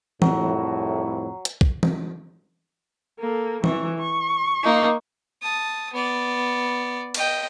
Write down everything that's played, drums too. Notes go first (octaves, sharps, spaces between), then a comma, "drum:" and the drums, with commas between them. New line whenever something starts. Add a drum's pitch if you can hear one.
C2 F2 A2 F#3, drum: tom
drum: hi-hat
drum: kick
drum: tom
A#3 A4
E3 C#6, drum: tom
C#6
A#3 D#4
A5 D#6
B3 D5
D#5 G5, drum: cymbal